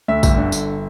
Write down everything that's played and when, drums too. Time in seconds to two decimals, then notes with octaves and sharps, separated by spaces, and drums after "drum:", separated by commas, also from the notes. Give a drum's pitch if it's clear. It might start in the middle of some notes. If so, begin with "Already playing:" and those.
0.08 D2 E5
0.23 G1 E5, drum: kick A#1, tambourine
0.38 D3
0.52 G1, drum: tambourine